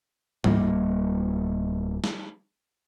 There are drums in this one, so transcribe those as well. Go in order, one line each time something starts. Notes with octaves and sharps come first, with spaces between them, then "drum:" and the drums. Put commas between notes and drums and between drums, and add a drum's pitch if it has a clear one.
D1 G3 G#3 A#3, drum: tom G#2
drum: snare